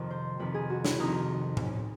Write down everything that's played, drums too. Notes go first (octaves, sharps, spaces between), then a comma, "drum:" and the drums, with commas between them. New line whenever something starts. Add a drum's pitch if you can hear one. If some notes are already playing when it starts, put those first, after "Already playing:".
Already playing: F2 C3 D#3
C5
F2 C3 D#3 B4
G#4
F#4
E4, drum: snare
F2 C3 D#3 D#4
drum: tom A2